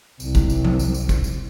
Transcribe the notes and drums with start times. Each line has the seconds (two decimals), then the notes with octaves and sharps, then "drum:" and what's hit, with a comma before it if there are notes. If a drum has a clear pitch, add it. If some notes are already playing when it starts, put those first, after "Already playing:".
0.20 C2, drum: tambourine
0.35 drum: kick, tambourine
0.50 drum: tambourine
0.65 drum: tom F3
0.79 drum: tambourine
0.94 drum: tambourine
1.09 drum: kick, tambourine
1.24 drum: tambourine